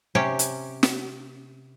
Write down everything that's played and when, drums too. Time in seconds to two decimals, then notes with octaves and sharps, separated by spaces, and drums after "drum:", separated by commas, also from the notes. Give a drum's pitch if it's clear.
0.15 C3 C#4 G4
0.39 drum: hi-hat
0.83 drum: snare